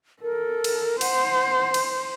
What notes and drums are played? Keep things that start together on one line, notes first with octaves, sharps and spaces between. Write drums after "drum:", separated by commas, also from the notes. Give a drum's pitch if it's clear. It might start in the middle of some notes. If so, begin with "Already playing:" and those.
A4 A#4
drum: cymbal
C5 F#5, drum: cymbal
drum: cymbal